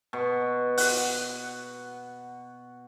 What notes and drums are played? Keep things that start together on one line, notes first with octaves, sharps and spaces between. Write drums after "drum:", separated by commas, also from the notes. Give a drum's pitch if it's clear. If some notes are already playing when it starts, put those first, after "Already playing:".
B2
F#5, drum: open hi-hat